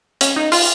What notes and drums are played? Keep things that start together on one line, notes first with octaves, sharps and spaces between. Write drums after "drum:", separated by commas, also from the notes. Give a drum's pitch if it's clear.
C#4, drum: hi-hat
D#4
F4, drum: open hi-hat